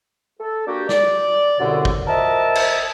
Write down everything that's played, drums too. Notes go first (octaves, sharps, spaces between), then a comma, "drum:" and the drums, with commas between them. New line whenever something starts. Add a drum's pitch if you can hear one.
A4
A#3 D4 F#4 G4
D5, drum: snare
C2 F#2 B2 D3
drum: kick
F3 A#4 D#5 E5 A5
drum: cymbal